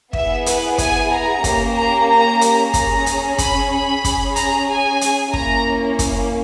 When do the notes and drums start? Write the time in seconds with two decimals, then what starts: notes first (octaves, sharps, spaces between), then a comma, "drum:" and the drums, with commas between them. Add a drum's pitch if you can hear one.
0.13 B3 E4 G#4 E5, drum: kick
0.46 B4, drum: hi-hat
0.78 G#5, drum: kick, hi-hat
1.12 A#5
1.44 A#3 C#4 G4, drum: kick, hi-hat
1.77 A#5
2.08 A#5
2.41 drum: hi-hat
2.74 C#4 G#4 A#5, drum: kick, hi-hat
3.06 drum: hi-hat
3.38 B5, drum: kick, hi-hat
3.71 B5
4.04 C#4 G#4, drum: kick, hi-hat
4.36 A#5, drum: hi-hat
4.69 G#5
5.01 drum: hi-hat
5.33 A#3 C#4 E4 A#5, drum: kick
5.99 drum: kick, hi-hat